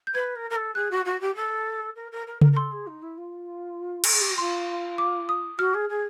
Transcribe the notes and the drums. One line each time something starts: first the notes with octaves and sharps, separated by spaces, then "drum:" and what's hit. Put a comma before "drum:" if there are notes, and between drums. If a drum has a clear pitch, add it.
G6
B4 G#6
A#4
A#4
A4
G#4 F#6
F#4
F#4
G4
A4
A#4
A#4
A#4
A#4, drum: tom C#3
A#4
A4 C6
G#4
D#4
E4
F4
A4, drum: cymbal
G#4
G4
F#4
F4 C6
D6
D#6
F#4 F6
G#4
G#4